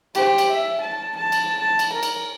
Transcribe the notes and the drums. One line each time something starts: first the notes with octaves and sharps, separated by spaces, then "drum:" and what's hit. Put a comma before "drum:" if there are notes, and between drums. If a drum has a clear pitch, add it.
G4 C5, drum: cymbal
drum: cymbal
E5
A5
A5
drum: cymbal
A5
drum: cymbal
A#4
drum: cymbal